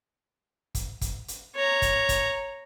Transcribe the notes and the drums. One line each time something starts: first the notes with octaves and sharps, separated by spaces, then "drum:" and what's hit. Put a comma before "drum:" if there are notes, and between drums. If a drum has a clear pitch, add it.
drum: kick, hi-hat
drum: kick, hi-hat
drum: hi-hat
C#5 A#5
drum: kick, hi-hat
drum: kick, hi-hat